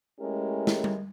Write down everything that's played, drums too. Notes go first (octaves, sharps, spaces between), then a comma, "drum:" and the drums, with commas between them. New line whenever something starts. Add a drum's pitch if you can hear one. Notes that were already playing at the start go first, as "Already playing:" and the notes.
G#3 A3 C#4 E4 G4 A#4
drum: snare
drum: tom G3